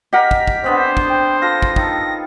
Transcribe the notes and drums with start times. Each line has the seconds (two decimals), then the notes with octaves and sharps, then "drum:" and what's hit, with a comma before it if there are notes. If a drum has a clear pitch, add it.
0.13 G4 A#4 D#5 F#5 B6
0.31 drum: kick
0.47 drum: kick
0.64 D3 B3 C4 C5
0.97 drum: kick
1.09 G5
1.42 F4 A4 A#6
1.62 drum: kick
1.76 D#3 A4, drum: kick